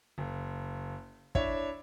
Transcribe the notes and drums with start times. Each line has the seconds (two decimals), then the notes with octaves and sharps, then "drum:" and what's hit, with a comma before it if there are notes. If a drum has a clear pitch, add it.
0.18 F#1
1.35 D4 E4 C#5 E5, drum: kick